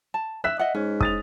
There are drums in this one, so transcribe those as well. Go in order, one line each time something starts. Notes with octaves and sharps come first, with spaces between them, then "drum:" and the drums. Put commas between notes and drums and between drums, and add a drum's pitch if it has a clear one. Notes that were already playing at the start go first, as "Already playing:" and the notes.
A5
E5 F#6 B6
D#5 E5 F#5
G#2 C#4
D#6 A6 F7, drum: kick